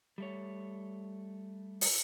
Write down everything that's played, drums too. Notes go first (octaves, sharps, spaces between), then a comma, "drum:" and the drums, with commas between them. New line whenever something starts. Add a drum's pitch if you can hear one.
G3 A3 C#5
drum: open hi-hat